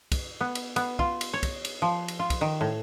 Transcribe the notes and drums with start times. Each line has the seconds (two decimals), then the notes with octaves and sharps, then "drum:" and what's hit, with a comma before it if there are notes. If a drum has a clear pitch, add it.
0.12 drum: kick, cymbal
0.41 B3
0.55 drum: cymbal
0.76 B3, drum: cymbal
0.99 F4, drum: kick
1.21 drum: cymbal
1.33 C#5
1.43 drum: kick, cymbal
1.65 drum: cymbal
1.82 F3
2.08 drum: cymbal
2.19 F4
2.30 drum: kick, cymbal
2.41 D#3
2.61 A2